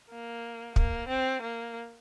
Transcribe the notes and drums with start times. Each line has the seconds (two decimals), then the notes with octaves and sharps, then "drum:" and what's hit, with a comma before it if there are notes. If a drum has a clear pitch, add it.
0.11 A#3
0.76 A#3, drum: kick
1.09 C4
1.42 A#3